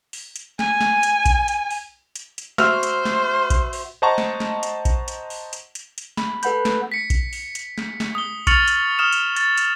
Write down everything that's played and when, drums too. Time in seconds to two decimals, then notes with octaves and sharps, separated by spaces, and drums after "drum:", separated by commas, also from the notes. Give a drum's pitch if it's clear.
0.13 drum: open hi-hat
0.36 drum: hi-hat
0.59 G#5, drum: snare
0.81 drum: snare
1.03 drum: hi-hat
1.26 drum: kick A#1, hi-hat
1.48 drum: hi-hat
1.71 drum: open hi-hat
2.15 drum: hi-hat
2.38 drum: hi-hat
2.58 F#4 C5 E5 F6, drum: snare
2.83 drum: hi-hat
3.05 drum: snare
3.50 drum: kick A#1, hi-hat
3.73 drum: open hi-hat
4.02 C5 D#5 F#5 A5 A#5 C#6
4.18 drum: snare
4.40 drum: snare
4.63 drum: hi-hat
4.85 drum: kick A#1, hi-hat
5.08 drum: hi-hat
5.30 drum: open hi-hat
5.53 drum: hi-hat
5.75 drum: hi-hat
5.98 drum: hi-hat
6.17 B5, drum: snare
6.43 A4 B4 F#5 B5 G6, drum: hi-hat
6.65 drum: snare
6.92 B6 C#7
7.10 drum: kick A#1, hi-hat
7.33 drum: open hi-hat
7.55 drum: hi-hat
7.78 drum: snare
8.00 drum: snare
8.15 D#6 G7
8.47 C#6 F6 A6 C#7 F7 F#7, drum: kick A#1, hi-hat
8.68 drum: hi-hat
8.99 D#6 F6 E7
9.13 drum: hi-hat
9.36 A6, drum: hi-hat
9.57 drum: hi-hat